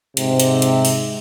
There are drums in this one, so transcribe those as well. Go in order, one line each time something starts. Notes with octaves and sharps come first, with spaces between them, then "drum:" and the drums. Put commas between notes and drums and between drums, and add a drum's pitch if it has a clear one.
G#2 C3, drum: hi-hat
drum: hi-hat
drum: hi-hat
drum: open hi-hat